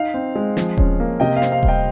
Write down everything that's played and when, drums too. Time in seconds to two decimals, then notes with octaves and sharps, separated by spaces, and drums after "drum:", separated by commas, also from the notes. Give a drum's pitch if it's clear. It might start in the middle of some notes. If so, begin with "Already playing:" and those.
Already playing: D#4 F5
0.14 C4
0.35 G#3
0.57 F3, drum: snare
0.77 C#4, drum: kick D#1
1.00 A#3
1.20 C3 D#5 G5
1.36 F5
1.42 C4, drum: snare
1.52 F5
1.63 G3, drum: kick D#1
1.68 D#5 G5